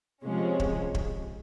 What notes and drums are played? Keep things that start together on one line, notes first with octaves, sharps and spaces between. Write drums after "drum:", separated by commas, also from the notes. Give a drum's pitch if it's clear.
C3 F3 G#3 C#4
drum: kick
drum: kick